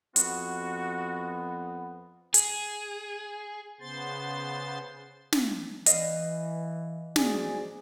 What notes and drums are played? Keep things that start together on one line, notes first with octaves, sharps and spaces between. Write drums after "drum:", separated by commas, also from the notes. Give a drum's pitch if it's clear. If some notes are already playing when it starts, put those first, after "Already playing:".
F2 B3 F#4, drum: hi-hat
G#4, drum: hi-hat
C#3 B3 C5 C6 A6
drum: snare
E3 D#5 F5, drum: hi-hat
G#2 F#4 G#4 D5, drum: snare